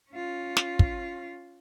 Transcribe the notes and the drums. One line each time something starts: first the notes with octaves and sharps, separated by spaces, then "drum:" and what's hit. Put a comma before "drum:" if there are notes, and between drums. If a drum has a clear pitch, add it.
C#4 F4
drum: snare
drum: kick